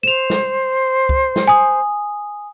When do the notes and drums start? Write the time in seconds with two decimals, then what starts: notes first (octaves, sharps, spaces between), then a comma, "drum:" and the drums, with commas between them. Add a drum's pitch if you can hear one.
0.03 C5 E7 F7
0.30 drum: snare
1.09 drum: kick
1.36 drum: snare
1.48 G#5 D#6